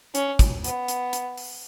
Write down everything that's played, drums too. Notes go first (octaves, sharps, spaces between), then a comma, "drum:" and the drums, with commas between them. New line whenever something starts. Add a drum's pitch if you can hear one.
C#4, drum: hi-hat
drum: kick, hi-hat
B3, drum: hi-hat
drum: hi-hat
drum: hi-hat
drum: open hi-hat